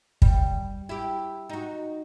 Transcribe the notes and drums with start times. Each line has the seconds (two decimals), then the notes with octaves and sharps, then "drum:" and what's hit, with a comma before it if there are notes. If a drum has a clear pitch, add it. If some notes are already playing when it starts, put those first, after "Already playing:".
0.22 G3, drum: kick
0.89 E4 G4
1.49 D#4 F#4